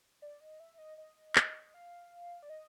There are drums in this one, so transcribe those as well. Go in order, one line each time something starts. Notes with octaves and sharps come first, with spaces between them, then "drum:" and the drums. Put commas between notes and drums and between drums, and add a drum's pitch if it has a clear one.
D5
D#5
E5
D#5
D#5
drum: clap
F5
D5
D#5